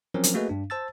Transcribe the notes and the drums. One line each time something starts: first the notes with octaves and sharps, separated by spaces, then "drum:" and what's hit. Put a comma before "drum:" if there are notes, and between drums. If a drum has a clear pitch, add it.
F3 F#3 C4 C#4 A#4
drum: hi-hat
A3 A#3 F#4 G#4 B4 D#5
G2 D4
C5 A5 E6 A6